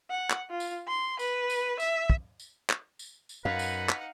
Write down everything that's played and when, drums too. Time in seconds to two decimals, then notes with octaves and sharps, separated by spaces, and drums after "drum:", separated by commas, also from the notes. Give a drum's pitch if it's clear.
0.10 F#5
0.30 drum: clap
0.50 F4
0.60 drum: tambourine
0.88 C6
1.19 B4, drum: tambourine
1.50 drum: tambourine
1.80 E5, drum: tambourine
2.10 drum: kick
2.40 drum: tambourine
2.69 drum: clap
2.99 drum: tambourine
3.29 drum: tambourine
3.45 F#2 D#4 B4 F5 F#5
3.59 drum: tambourine
3.89 drum: clap